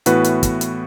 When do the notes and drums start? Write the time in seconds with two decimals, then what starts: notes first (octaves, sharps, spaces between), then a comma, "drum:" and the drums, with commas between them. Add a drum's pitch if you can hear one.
0.06 A2 E3 B3 F#4 B4, drum: hi-hat
0.24 drum: hi-hat
0.43 drum: kick, hi-hat
0.61 drum: hi-hat